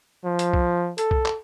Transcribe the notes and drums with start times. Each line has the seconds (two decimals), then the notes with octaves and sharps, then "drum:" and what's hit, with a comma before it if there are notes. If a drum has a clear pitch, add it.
0.25 F3
0.39 drum: hi-hat
0.54 drum: kick
0.98 A4, drum: hi-hat
1.11 drum: kick
1.25 drum: clap